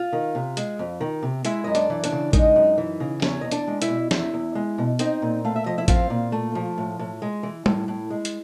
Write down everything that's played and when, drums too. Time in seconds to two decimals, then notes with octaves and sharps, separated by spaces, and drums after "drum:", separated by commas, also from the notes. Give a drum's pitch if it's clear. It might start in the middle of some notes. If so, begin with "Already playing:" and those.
Already playing: F4 F5
0.13 D#3
0.35 C3
0.57 G#3, drum: hi-hat
0.79 F2
1.01 D#3
1.23 C3
1.45 G#3 E4 E5, drum: hi-hat
1.64 F#2 D#5
1.75 D4 D5, drum: hi-hat
1.90 E3
2.04 D4 D5, drum: hi-hat
2.12 C#3
2.33 G#3 D#4 D#5, drum: kick A1, hi-hat
2.56 F#2
2.78 E3
3.00 C#3
3.22 E2 C#4 C#5, drum: snare
3.41 E2 D#5
3.51 D4 D5, drum: hi-hat
3.67 G#3
3.82 E4 E5, drum: hi-hat
3.89 B2
4.11 E2 E4 E5, drum: snare
4.33 E2
4.55 G#3
4.78 B2
4.99 C4 D#4 D#5, drum: hi-hat
5.22 A#2
5.45 A3 F5
5.56 E5
5.66 F3 D#5
5.78 E4 E5
5.88 C4 F4 F5, drum: kick A1, hi-hat
6.10 A#2
6.32 A3
6.55 F3
6.78 A2
6.99 A2
7.22 G#3
7.43 E3
7.66 A2, drum: tom G3
7.88 A2
8.10 G#3
8.25 drum: hi-hat